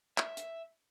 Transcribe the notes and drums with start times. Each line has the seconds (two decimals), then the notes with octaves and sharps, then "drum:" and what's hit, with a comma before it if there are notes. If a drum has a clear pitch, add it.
0.18 E5, drum: clap
0.37 drum: hi-hat